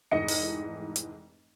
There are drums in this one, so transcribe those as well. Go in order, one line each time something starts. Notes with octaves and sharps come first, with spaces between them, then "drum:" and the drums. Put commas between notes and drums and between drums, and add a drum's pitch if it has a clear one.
F1 G#2 E3 D#5 C#7
drum: open hi-hat
drum: hi-hat